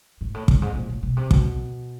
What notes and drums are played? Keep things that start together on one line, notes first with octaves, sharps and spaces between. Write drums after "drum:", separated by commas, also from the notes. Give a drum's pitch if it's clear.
G#2
A2
G2, drum: kick
G#2
A#2
A2
B2
C3
B2, drum: kick